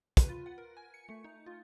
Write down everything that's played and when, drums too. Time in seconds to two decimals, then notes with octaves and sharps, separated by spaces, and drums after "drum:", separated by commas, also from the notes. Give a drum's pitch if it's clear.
0.17 B4, drum: kick, hi-hat
0.29 F4
0.46 F#5
0.58 A#4
0.77 G#5
0.94 C#7
1.09 A3
1.24 D#4
1.46 F4